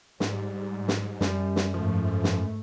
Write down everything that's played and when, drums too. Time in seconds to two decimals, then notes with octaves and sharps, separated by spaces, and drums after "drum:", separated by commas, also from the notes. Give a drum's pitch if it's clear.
0.20 G#2 G3, drum: snare
0.88 drum: snare
1.21 F#2 G3, drum: snare
1.56 drum: snare
1.74 G#2 F3 A3
2.24 drum: snare